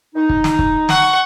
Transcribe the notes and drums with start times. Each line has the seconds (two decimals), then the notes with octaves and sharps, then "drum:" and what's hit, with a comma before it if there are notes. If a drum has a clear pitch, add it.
0.15 D#4
0.29 drum: kick
0.44 drum: snare
0.59 drum: kick
0.89 F#5 C#6, drum: snare